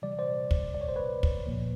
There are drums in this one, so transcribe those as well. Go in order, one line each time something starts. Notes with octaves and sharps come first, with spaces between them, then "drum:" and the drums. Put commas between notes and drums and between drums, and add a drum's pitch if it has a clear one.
C3 E3 G3 D5
C5 D5
drum: kick
D5
C#5
C5
B4 C#5
drum: kick
A#2 F3 A#3